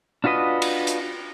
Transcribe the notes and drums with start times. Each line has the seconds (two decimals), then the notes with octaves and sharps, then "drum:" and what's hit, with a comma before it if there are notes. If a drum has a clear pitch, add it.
0.24 D4 F4 F#4 B4 D#5
0.62 drum: cymbal
0.87 drum: hi-hat